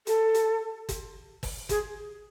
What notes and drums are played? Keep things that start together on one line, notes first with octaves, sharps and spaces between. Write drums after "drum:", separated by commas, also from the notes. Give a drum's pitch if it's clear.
A4, drum: hi-hat
drum: hi-hat
drum: kick, hi-hat
drum: kick, open hi-hat
G#4, drum: kick, hi-hat